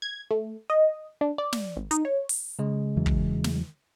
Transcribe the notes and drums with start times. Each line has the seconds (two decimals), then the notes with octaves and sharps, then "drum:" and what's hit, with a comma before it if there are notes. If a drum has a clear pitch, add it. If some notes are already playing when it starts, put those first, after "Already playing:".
0.02 G#6
0.31 A3
0.70 D#5
1.21 D4
1.38 D5
1.53 drum: snare
1.76 G#1
1.91 D#4, drum: hi-hat
2.05 C#5
2.29 drum: open hi-hat
2.59 C#3 G#3
2.96 E2 E3 F#3
3.06 drum: kick
3.44 drum: snare